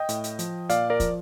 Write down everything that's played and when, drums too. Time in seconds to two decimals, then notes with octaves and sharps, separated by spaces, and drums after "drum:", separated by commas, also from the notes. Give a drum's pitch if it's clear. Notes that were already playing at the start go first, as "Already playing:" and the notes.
Already playing: D#5 G5
0.09 A2, drum: hi-hat
0.24 drum: hi-hat
0.39 F3, drum: hi-hat
0.70 A#2 D5 F5, drum: hi-hat
0.90 A#4 D5
1.00 F3, drum: kick, hi-hat